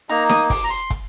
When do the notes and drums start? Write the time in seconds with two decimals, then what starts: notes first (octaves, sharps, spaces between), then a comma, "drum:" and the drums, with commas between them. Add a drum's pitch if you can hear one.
0.09 A#3 D#4 A#5, drum: hi-hat
0.29 D#6, drum: snare D#4
0.50 D6, drum: kick, open hi-hat
0.64 A#5
0.70 C6
0.90 drum: kick, hi-hat